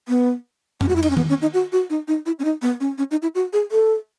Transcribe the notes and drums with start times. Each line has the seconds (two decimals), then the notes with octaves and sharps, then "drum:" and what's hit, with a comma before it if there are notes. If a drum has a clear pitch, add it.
0.08 B3
0.81 C#4, drum: tom F2
0.89 F#4
0.96 E4
1.03 D#4, drum: cymbal
1.10 C#4
1.17 B3, drum: tom D#3
1.29 C#4
1.42 D#4
1.54 F#4
1.72 F#4
1.90 D#4
2.08 D#4
2.26 E4
2.39 C#4
2.45 D#4
2.62 B3
2.80 C#4
2.98 C#4
3.11 D#4
3.22 E4
3.35 F#4
3.53 G#4
3.71 A4